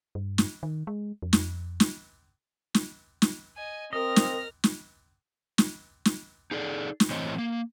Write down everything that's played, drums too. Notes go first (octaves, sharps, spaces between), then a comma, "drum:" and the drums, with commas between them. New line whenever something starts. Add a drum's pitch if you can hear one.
G2
drum: snare
D#3
G#3
F2
drum: snare
drum: snare
drum: snare
drum: snare
D#5 G#5
C4 A#4 D#5 F6 A#6
drum: snare
drum: snare
drum: snare
drum: snare
D#4 G#4 A4 D5
drum: snare
A2 E3 C4 C5 C#5 D#5
A#3